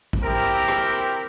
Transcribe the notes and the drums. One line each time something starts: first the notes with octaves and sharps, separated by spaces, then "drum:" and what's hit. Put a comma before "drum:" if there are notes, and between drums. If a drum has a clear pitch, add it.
drum: kick
C4 E4 G4 A#4
drum: rim click